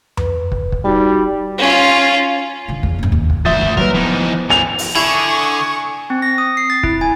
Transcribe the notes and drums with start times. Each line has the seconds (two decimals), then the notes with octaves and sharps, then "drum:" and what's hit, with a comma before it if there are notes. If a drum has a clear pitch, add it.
0.17 B4, drum: tom F2
0.52 drum: kick
0.72 drum: kick
0.85 G3 D#4 F#4 G4
1.58 C#4 F4
2.68 D3 D#3
2.83 E2, drum: kick
2.99 F#2 A#3
3.12 D#2
3.30 drum: kick
3.45 G1 D2 D#3 F3 C5 E5 D#6 A6
3.77 D#3 F#3 G3 A#3 A#4 B4, drum: kick
3.94 E3 F3 B3 D#4
4.50 E3 C4 F7
4.78 drum: open hi-hat
4.96 D3 E4 G#5 C#6 D#6
6.10 C4
6.22 A#6
6.38 D#6
6.57 C7
6.70 A6
6.83 E4, drum: kick
7.01 G#5